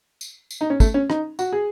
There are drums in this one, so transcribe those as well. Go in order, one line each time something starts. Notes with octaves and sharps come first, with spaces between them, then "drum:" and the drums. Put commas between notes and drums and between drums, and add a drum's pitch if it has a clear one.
drum: tambourine
drum: tambourine
D#4
C#4
A3, drum: kick, tambourine
C#4
D#4, drum: rim click
F#4, drum: tambourine
G#4